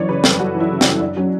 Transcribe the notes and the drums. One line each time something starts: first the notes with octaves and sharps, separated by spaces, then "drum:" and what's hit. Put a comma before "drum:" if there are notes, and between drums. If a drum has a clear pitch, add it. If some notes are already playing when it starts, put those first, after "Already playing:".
Already playing: F#2 E3 C#5 D5
C#3 B4
G3 A4, drum: snare
F#2 F#4
E3
E4
C#3
G3 D4, drum: snare
F#2 D4
F#3 C#4